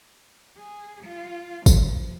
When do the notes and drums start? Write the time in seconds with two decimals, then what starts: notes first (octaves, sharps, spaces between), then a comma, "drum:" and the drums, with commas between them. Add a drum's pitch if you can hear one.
0.57 G#4
1.04 F4
1.66 F3, drum: kick, tambourine